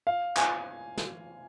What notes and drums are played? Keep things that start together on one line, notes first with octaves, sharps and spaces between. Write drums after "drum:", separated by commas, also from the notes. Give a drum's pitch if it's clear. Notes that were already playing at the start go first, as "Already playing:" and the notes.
F5
G#5, drum: clap
drum: snare